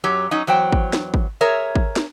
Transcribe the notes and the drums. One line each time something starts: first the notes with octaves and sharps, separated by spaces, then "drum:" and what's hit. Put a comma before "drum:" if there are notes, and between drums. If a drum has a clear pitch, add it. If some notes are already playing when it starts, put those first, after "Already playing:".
F#2 F#3 G4 C#5
F#3 C#4 D#4
E2 F#3 C5 G5
drum: kick
drum: snare
drum: kick
G#4 A#4 C#5 E5
drum: kick
drum: snare